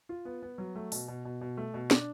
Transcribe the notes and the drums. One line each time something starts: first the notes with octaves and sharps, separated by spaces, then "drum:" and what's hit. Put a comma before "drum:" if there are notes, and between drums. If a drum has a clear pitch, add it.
F4
B3
B3
F#3
A3
B2, drum: open hi-hat
B2
B2
B2
A3
B2
D4, drum: snare